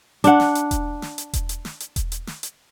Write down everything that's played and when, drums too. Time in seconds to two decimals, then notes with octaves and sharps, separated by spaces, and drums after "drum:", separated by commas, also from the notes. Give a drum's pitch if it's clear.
0.24 D4 F#5, drum: hi-hat
0.40 drum: snare
0.55 drum: hi-hat
0.71 drum: kick E1, hi-hat
1.02 drum: snare
1.18 drum: hi-hat
1.33 drum: kick E1, hi-hat
1.49 drum: hi-hat
1.65 drum: snare
1.80 drum: hi-hat
1.96 drum: kick E1, hi-hat
2.12 drum: hi-hat
2.27 drum: snare
2.43 drum: hi-hat